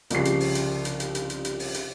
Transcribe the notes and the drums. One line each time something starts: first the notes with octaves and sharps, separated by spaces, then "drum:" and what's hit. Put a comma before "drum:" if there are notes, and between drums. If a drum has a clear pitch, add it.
C2 C#3 F3 G4 C#6 C7, drum: hi-hat
drum: hi-hat
drum: open hi-hat
drum: hi-hat
drum: hi-hat
drum: hi-hat
drum: hi-hat
drum: hi-hat
drum: hi-hat
drum: open hi-hat
drum: hi-hat